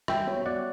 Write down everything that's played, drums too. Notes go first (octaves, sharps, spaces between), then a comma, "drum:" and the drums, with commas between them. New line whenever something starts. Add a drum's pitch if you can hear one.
G3 E5 G5, drum: rim click
B3 F#4 C#5
G3 D5 F#5